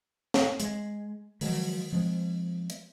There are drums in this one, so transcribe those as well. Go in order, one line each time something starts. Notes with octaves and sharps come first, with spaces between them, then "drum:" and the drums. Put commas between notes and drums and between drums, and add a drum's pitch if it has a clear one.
drum: snare
G#3, drum: hi-hat
D#3 F3 F#3 G#3, drum: open hi-hat
F3 G#3 C4
drum: hi-hat